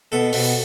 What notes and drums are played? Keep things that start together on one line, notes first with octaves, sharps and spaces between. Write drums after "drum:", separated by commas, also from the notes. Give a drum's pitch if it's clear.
B2 A4
B2, drum: open hi-hat